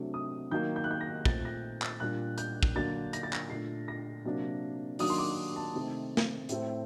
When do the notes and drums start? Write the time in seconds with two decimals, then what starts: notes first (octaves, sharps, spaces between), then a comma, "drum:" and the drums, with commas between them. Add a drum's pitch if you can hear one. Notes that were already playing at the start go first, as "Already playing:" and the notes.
Already playing: C3 F#3 A3 D4
0.14 D#6
0.51 D#3 F#3 A#3 G6
0.76 G6
0.84 F#6
0.91 G6
1.01 A#6
1.25 A#2 A3 C4 A6, drum: kick
1.45 A#6
1.82 A6, drum: clap
2.00 A#2 G3 A#3 D4 F#6
2.38 G6, drum: hi-hat
2.63 drum: kick
2.76 D3 F#3 A#3 D4 A6
3.13 A#6, drum: hi-hat
3.23 A6
3.33 A#6, drum: clap
3.50 A#2 A3 D4 C7
3.88 A#6
4.25 C3 F#3 A#3 D4
4.99 D#3 F#3 A#3 D4 D#6, drum: open hi-hat
5.10 C6
5.18 D6
5.56 A5
5.74 C3 D#3 A3 C4
6.17 drum: snare
6.49 A2 A3 C4, drum: hi-hat